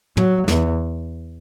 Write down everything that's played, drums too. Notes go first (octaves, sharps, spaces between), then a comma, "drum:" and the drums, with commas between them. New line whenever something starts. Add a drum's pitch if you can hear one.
F#3, drum: tom
E2, drum: snare